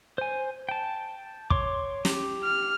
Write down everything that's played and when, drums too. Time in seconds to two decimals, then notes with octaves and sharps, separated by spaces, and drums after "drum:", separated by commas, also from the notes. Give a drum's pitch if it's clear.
0.18 C5 G#5
0.69 G5 A5
1.50 C#5 C6 D6, drum: kick
2.05 G4, drum: snare
2.44 F6